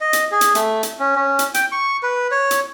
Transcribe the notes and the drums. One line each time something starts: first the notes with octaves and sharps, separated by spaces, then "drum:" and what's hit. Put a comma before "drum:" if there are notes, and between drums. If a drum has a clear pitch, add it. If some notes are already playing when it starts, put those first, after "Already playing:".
D#5
drum: hi-hat
G#4
drum: hi-hat
A3, drum: hi-hat
drum: hi-hat
C#4
C#4
drum: hi-hat
G5, drum: hi-hat
C#6
B4
C#5
drum: hi-hat